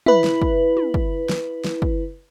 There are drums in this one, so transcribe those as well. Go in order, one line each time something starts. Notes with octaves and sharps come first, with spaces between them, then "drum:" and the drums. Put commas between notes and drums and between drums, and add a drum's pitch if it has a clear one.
E4 B4, drum: tom
drum: snare
drum: kick
drum: tom
drum: kick
drum: snare
drum: snare
drum: kick